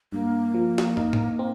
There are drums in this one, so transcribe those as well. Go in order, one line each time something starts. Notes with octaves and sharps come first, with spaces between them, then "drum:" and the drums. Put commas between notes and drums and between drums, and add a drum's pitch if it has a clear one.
G2 A#3
F3
drum: snare
D#4, drum: tom
drum: tom A2
C4